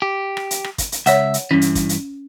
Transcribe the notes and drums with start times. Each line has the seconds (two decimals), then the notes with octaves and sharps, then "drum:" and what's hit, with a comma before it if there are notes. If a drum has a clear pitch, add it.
0.02 G4
0.37 drum: rim click
0.51 drum: hi-hat
0.64 drum: rim click
0.78 drum: kick, hi-hat
0.92 drum: hi-hat
1.06 C#2 C#5 E5 F#5, drum: hi-hat
1.34 drum: hi-hat
1.51 G2 E3 C#4
1.61 drum: hi-hat
1.75 drum: kick, hi-hat
1.89 drum: hi-hat